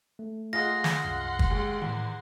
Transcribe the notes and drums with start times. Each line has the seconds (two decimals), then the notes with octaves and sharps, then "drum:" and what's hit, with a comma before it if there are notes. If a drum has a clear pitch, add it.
0.19 A3
0.53 F4 G#4 D#5 F#5 C6 A#6
0.84 drum: snare
1.02 C2 F#2 F6
1.39 drum: kick
1.50 D#2 G#3 G#4
1.82 E2 A2 D#3